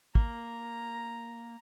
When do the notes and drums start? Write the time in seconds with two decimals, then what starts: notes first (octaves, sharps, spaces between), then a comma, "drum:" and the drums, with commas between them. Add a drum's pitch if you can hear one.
0.15 A#3 A#5, drum: kick